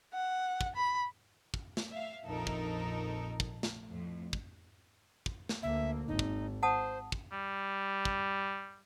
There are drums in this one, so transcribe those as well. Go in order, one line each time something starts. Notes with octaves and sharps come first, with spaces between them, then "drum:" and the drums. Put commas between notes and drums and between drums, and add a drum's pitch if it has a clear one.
F#5
drum: kick
B5
drum: kick
drum: snare
E5 F5
A#1 F2 D#4 A4 A#4
drum: kick
drum: kick
drum: snare
F2 A2
drum: kick
drum: kick
drum: snare
D2 A#3 E5
G#1 D#4
drum: kick
C5 F#5 A5 D#6
drum: kick
G3
drum: kick